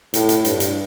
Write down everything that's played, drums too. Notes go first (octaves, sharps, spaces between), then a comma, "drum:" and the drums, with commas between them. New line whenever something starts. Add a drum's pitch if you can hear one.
A2, drum: hi-hat
drum: hi-hat
G2, drum: hi-hat
drum: hi-hat